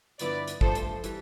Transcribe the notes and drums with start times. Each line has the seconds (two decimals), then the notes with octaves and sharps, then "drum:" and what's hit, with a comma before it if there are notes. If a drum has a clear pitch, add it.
0.19 G2 D3 F3 B3 E4 B4 D5, drum: hi-hat
0.48 drum: hi-hat
0.61 G2 F3 A3 A4 C5, drum: kick
0.75 drum: hi-hat
1.04 E3 G3, drum: hi-hat